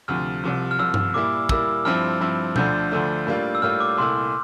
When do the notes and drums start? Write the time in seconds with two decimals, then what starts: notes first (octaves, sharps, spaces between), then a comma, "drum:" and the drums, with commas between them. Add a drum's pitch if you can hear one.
0.08 D2 C3 F3 F6
0.44 C2 C3 F3
0.71 F6
0.79 C2 C3 F3 E6
0.94 drum: tom G2
1.14 A#2 G3 A#3 E4 D6
1.49 A#2 G3 A#3 E4 E6, drum: kick
1.85 G2 F3 C4 E4 F6
2.20 G2 F3 C4 E4
2.56 D2 D3 F3 A3 D4 G6, drum: tom B2
2.91 D2 D3 F3 A3 D4
3.27 A2 G3 A#3 D4 F4
3.55 E6
3.62 A2 G3 A#3 D4 F4 F6
3.80 D6
3.98 C2 A#2 A3 E4 C6